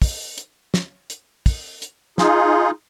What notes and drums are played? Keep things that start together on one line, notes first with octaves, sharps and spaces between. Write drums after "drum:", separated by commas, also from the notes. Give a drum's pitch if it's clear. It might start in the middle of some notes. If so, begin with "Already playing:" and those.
drum: kick, open hi-hat
drum: hi-hat
drum: snare
drum: hi-hat
drum: kick, open hi-hat
drum: hi-hat
D#4 F4 G#4, drum: snare